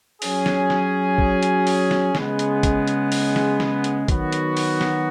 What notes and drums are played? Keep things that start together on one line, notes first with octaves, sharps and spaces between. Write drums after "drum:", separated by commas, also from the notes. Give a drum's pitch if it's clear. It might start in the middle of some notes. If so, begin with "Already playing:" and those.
F#3 C#4 G#4, drum: open hi-hat
drum: snare
drum: snare
drum: kick
drum: hi-hat
drum: open hi-hat
drum: snare
C#3 G#3 B3, drum: snare
drum: hi-hat
drum: kick, hi-hat
drum: hi-hat
drum: open hi-hat
drum: snare
drum: snare
drum: hi-hat
D#3 F#3 B3 F#4, drum: kick, hi-hat
drum: hi-hat
drum: open hi-hat
drum: snare